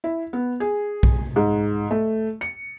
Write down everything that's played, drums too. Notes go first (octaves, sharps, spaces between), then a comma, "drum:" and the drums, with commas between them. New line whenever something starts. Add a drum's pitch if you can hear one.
E4
B3
G#4
drum: kick B1
G#2
A3
C#7